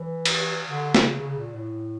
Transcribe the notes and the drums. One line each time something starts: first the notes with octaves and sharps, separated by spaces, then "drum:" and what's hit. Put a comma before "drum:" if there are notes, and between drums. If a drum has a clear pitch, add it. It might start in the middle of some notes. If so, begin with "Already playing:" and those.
Already playing: E3
drum: cymbal
D3
C#3, drum: snare
C#3
A#2
A2